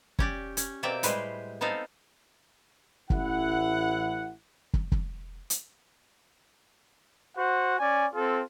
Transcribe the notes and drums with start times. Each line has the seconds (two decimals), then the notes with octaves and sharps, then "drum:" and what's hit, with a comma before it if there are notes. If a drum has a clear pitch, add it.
0.19 C#4 G4 D5, drum: kick
0.57 C#4, drum: hi-hat
0.83 B2 A#3 C4 D5 E5 G5
1.03 A2 G3 G#3 B4 C5, drum: hi-hat
1.61 B3 C4 D#4 A4 F5
3.10 A1 E4 F#5, drum: kick
4.74 drum: kick
4.92 drum: kick
5.50 drum: hi-hat
7.36 F#4 C5 F#5
7.79 C#4 D5 G#5
8.14 C4 F4 A4